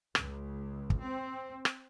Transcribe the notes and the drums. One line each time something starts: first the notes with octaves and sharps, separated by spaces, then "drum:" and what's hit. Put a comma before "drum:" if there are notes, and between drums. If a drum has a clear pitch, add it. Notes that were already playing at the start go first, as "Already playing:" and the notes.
C#2, drum: rim click
drum: kick
C4
drum: rim click